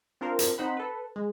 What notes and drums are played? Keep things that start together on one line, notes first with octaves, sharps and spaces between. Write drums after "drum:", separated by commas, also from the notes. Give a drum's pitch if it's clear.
C4 D4 F4 A#4 C5
drum: hi-hat
C4 D#4 C5 F#5 B5
A4 B4
G#3